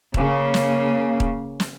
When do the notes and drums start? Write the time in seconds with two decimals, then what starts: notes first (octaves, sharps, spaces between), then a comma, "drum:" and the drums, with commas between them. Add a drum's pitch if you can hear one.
0.14 C#3 A#3, drum: kick D#1
0.54 drum: snare
1.20 drum: kick D#1
1.60 drum: snare